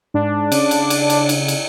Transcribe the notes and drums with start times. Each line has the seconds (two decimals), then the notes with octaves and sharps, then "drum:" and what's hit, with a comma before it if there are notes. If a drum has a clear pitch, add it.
0.14 G#2 D4
0.52 C#3, drum: cymbal
0.71 drum: cymbal
0.90 drum: cymbal
1.10 drum: cymbal
1.29 drum: cymbal
1.48 drum: cymbal